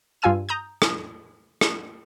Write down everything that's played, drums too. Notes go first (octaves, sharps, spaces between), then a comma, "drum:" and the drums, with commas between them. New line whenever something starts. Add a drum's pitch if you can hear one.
G2 F4 F5 G#5 E6 D#7
A#5 D#6 G6
drum: rim click
drum: rim click